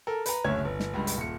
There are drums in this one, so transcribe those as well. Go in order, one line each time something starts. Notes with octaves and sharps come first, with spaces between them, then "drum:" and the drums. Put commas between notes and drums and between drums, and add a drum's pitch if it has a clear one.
A4 A#4
B4 A#5, drum: hi-hat
F#1 D2 C#5 G#6
G1
drum: snare
C#2 G2
drum: hi-hat
D#1 C#7